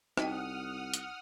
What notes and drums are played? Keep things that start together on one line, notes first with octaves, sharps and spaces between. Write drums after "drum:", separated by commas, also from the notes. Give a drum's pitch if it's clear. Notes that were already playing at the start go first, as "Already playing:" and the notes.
C2 D#4 F#4 D#5 F#5 G5 D#6 F6, drum: rim click
drum: hi-hat